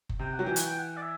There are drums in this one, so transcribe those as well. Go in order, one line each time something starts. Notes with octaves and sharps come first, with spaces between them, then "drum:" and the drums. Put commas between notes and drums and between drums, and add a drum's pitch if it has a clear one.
drum: kick F#1
C3 G5
F#5
F#3
E3 G5
F#5, drum: hi-hat
G5
F#5
D5
E5